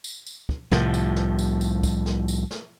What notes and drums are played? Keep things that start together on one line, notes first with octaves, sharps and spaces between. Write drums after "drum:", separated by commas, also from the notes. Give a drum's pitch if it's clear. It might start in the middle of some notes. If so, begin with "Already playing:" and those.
drum: tambourine
drum: tambourine
drum: kick
C2 A2 F3, drum: snare
drum: tambourine
drum: snare
drum: tambourine
drum: tambourine
drum: kick, tambourine
drum: snare
drum: tambourine
drum: snare